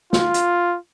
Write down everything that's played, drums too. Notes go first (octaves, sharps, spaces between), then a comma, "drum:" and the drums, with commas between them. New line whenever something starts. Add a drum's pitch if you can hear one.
F4, drum: snare
drum: hi-hat